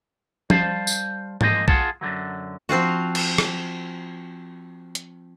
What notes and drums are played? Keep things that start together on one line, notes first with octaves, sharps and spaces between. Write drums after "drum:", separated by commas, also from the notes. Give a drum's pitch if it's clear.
G3 C5 F5 A5, drum: tom F3
drum: tambourine
F3 G#3 A#3 C5 D#5, drum: tom G#2
F4 G#4 F#5 A5, drum: kick B1
F#2 D3 E3 F#3
F3 C4 F4 F#4
drum: cymbal
drum: rim click
drum: hi-hat